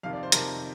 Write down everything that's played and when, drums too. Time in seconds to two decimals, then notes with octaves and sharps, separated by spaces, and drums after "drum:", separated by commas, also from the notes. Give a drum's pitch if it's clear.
0.03 F2 C3 D#3 F5
0.13 D5
0.23 C5
0.32 F2 C3 D#3 A#4, drum: hi-hat